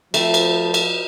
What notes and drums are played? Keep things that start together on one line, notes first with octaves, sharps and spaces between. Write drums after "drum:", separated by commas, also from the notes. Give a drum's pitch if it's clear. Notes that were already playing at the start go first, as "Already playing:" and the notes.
F3 A3 C4, drum: cymbal
drum: cymbal
drum: cymbal